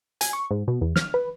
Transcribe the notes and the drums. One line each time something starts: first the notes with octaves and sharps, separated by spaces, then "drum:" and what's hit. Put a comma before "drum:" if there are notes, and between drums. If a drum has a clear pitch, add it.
G#5, drum: hi-hat
C#6
G#2
B2
E2
F6, drum: snare
B4